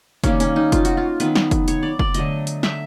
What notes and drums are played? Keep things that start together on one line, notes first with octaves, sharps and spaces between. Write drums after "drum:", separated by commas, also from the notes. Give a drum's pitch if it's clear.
D#3 G3 A#3 C#4, drum: kick, hi-hat
C#4, drum: hi-hat
D#4
F4, drum: kick, hi-hat
F#4, drum: hi-hat
F4
D#3 F#3 B3 B4, drum: hi-hat
drum: snare
drum: kick, hi-hat
C#5, drum: hi-hat
D5
D5, drum: kick
D3 F#3 A3 D#5, drum: hi-hat
drum: hi-hat
E5, drum: snare